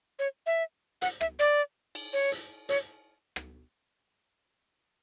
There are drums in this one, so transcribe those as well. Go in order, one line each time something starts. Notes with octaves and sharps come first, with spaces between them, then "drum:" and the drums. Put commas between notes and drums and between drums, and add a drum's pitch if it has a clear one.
C#5
E5
F#5, drum: hi-hat
E5, drum: rim click
D5
drum: cymbal
C#5
drum: hi-hat
C#5, drum: hi-hat
drum: rim click